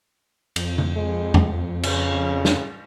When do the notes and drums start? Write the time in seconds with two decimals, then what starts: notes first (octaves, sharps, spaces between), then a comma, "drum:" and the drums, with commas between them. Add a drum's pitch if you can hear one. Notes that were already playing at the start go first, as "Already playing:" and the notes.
0.56 F2, drum: cymbal
0.78 drum: tom C#3
0.96 G#3
1.34 drum: tom E2
1.83 C#3, drum: cymbal
2.45 drum: snare